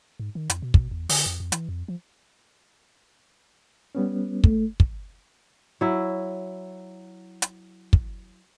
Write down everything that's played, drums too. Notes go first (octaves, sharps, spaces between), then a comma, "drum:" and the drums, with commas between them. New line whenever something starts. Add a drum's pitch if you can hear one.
G#2
D#3
F2, drum: hi-hat
B2
B2, drum: kick
E2
D3, drum: open hi-hat
F2
F2
E3, drum: hi-hat
F2
F3
G3 B3 C#4
A3, drum: kick
drum: kick
F#3 E4
drum: hi-hat
drum: kick